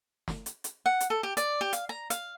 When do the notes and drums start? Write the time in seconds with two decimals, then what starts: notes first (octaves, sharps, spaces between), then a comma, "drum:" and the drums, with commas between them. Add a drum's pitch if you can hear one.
0.28 drum: snare
0.46 drum: hi-hat
0.64 drum: hi-hat
0.86 F#5
1.00 drum: hi-hat
1.10 A4
1.23 G4
1.37 D5, drum: hi-hat
1.61 G4
1.73 F5, drum: hi-hat
1.89 A#5
2.10 F5, drum: hi-hat